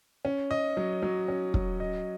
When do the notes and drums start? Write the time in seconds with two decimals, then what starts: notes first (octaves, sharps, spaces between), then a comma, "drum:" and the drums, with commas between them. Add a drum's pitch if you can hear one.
0.25 C#4
0.51 D#5
0.77 F#3
1.02 F#3
1.28 C#4
1.54 F#3, drum: kick
1.80 D#5